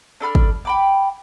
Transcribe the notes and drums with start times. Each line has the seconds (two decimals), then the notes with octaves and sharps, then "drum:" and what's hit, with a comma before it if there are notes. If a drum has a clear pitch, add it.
0.20 D4 A4 B5 F6
0.35 drum: kick
0.65 G5 B5 D6